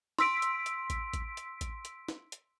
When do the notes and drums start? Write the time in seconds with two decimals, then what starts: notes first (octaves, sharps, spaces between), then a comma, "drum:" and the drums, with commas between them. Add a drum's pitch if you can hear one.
0.19 C6 E6 B6 D7, drum: snare
0.42 drum: hi-hat
0.66 drum: hi-hat
0.90 drum: kick A1, hi-hat
1.14 drum: kick A1, hi-hat
1.37 drum: hi-hat
1.61 drum: kick A1, hi-hat
1.85 drum: hi-hat
2.08 drum: snare
2.32 drum: hi-hat